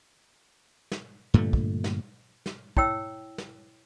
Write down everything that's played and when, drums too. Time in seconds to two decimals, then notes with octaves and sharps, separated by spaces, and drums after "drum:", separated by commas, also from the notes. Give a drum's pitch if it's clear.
0.91 drum: snare
1.34 G2 A#2 D3 A3
1.53 drum: kick
1.84 drum: snare
2.46 drum: snare
2.77 E4 C#5 G5 E6, drum: kick
3.38 drum: snare